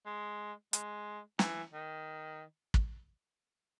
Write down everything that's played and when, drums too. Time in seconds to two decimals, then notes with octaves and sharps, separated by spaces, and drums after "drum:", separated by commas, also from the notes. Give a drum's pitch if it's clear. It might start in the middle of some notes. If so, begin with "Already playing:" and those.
0.06 G#3
0.73 G#3, drum: hi-hat
1.39 E3, drum: snare
1.73 D#3
2.74 drum: kick